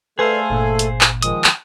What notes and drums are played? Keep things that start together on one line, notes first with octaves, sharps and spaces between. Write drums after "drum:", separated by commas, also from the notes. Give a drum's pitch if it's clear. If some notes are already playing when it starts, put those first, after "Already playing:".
A3 G#4 A4 B4 C5 D5 F5 G#5
G1 A#2
drum: hi-hat
drum: clap
D#3 F3 G#3 D#6, drum: hi-hat
drum: clap